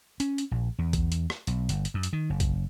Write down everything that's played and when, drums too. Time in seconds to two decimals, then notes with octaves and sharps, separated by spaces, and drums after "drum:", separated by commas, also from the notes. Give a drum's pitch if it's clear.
0.20 C#4, drum: hi-hat
0.38 drum: hi-hat
0.51 A#1
0.79 E2
0.93 drum: kick, hi-hat
1.12 drum: hi-hat
1.30 drum: rim click
1.47 B1, drum: hi-hat
1.69 G1, drum: hi-hat
1.85 drum: hi-hat
1.94 F#2
2.03 drum: hi-hat
2.13 D#3
2.30 F#1
2.40 drum: kick, hi-hat